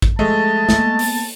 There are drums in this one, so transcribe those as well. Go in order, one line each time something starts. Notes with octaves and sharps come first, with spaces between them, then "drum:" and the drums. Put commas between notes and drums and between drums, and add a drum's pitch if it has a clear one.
drum: kick
F3 G#3 A3 D#5 A5
A#3 B3, drum: snare
drum: open hi-hat